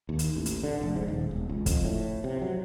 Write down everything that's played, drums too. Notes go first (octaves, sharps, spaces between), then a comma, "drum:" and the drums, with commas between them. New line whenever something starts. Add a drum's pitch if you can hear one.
D#2
drum: hi-hat
A1
drum: hi-hat
D3
F1
G#2
D#1
E1
C#2
F2, drum: kick, hi-hat
A2
C3
F#3